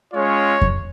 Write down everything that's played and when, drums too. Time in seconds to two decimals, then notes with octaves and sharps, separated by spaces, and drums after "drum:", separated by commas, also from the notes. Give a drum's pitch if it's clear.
0.13 G#3 C#4 F4 C#5
0.62 drum: kick F2